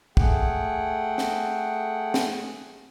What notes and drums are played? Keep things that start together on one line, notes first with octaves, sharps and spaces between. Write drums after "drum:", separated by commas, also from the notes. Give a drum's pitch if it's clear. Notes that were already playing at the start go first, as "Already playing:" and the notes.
A3 G#4 F#5 G5, drum: kick
drum: snare
drum: snare